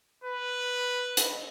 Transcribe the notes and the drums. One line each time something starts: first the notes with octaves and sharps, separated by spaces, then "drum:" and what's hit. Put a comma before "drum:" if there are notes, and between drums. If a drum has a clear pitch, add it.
B4
drum: hi-hat